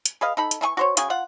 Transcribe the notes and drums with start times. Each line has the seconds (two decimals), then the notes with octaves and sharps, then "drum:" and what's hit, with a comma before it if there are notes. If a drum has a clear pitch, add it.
0.06 drum: hi-hat
0.21 G#4 B4 D#5 F5
0.37 D#4 A4 B5
0.51 drum: hi-hat
0.61 E3 A3 G#5 C#6
0.77 F#4 C5 C#5
0.97 C#3 F#4 G#4 G#5, drum: hi-hat
1.10 F4 F#5